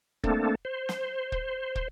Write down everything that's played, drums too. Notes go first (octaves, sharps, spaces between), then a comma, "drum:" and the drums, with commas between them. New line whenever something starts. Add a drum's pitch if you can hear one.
A3 A#3 C4 D4 A4, drum: kick
C5
drum: snare
drum: kick
drum: kick